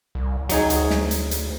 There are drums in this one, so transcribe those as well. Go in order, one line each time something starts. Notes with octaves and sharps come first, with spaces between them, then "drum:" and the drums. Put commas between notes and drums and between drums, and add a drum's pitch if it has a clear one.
C2
D2 F#3 D#4 G#4, drum: hi-hat
drum: hi-hat
drum: snare
drum: hi-hat
drum: hi-hat